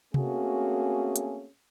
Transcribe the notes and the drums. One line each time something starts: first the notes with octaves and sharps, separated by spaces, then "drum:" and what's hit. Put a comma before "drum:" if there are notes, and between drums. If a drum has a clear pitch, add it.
A3 A#3 C4 C#4 F#4 G#4, drum: tom C3
drum: hi-hat